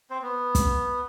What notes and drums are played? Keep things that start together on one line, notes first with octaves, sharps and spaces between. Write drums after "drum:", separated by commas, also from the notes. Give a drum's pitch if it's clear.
C4 C5
B3
drum: kick, hi-hat